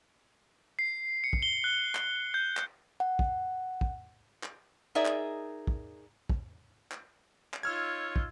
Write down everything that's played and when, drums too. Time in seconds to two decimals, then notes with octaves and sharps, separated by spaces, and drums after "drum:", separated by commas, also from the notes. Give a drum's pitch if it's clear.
0.79 C7
1.24 C#7
1.33 drum: kick
1.42 G7
1.64 F#6
1.95 drum: clap
2.34 G6
2.57 drum: clap
3.00 F#5
3.19 drum: kick
3.81 drum: kick
4.43 drum: clap
4.95 D#4 G#4 A#4 D5 E5
5.05 drum: clap
5.67 drum: kick
6.29 drum: kick
6.92 drum: clap
7.54 drum: clap
7.63 D#4 F4 C#5 E6 F6 G#6
8.16 drum: kick